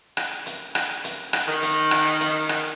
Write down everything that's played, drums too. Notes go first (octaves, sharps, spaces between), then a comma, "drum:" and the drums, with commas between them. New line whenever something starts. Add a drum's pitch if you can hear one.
drum: rim click
drum: hi-hat
drum: rim click
drum: hi-hat
drum: rim click
D#3
drum: hi-hat
drum: rim click
drum: hi-hat
drum: rim click